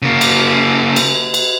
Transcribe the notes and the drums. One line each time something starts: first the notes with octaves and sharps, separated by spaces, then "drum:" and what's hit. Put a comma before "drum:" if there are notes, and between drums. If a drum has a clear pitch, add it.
C#3 A#3
drum: cymbal
drum: cymbal
drum: cymbal